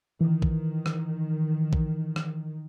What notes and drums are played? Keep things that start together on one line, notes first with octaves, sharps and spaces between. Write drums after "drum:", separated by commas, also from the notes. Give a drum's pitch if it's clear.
D#3 E3
drum: kick A#1
drum: rim click
drum: kick A#1
drum: rim click